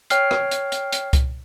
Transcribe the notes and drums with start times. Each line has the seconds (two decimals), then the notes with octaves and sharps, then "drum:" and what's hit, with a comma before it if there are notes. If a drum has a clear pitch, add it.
0.10 C#5 G5 F6 C7, drum: hi-hat
0.31 drum: rim click
0.51 drum: hi-hat
0.72 drum: hi-hat
0.93 drum: hi-hat
1.13 drum: kick C2, hi-hat